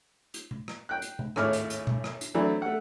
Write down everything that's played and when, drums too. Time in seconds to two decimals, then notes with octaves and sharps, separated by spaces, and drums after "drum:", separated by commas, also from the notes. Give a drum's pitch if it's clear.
0.34 drum: hi-hat
0.51 drum: tom C3
0.68 drum: rim click
0.89 G5 F#6
1.02 drum: hi-hat
1.19 drum: tom C3
1.36 G#1 D#2 A2 C#5 D6 F6, drum: rim click
1.53 drum: hi-hat
1.70 drum: hi-hat
1.87 drum: tom B2
2.04 drum: rim click
2.21 drum: hi-hat
2.34 E3 F#3 A3 C4 D4 E4
2.62 A3 F#5